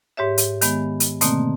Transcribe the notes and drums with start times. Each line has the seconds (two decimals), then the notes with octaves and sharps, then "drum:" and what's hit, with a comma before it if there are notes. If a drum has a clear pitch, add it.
0.17 G#2 G4 C#5 E5
0.38 drum: hi-hat
0.61 D#3 G#3 B3, drum: hi-hat
1.00 drum: hi-hat
1.21 B2 D3 D#3 A3 A#3 C4, drum: hi-hat